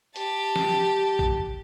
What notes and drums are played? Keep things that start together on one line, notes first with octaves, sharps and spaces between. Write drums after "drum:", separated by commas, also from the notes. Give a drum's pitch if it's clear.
G4 A5, drum: hi-hat
drum: snare
drum: kick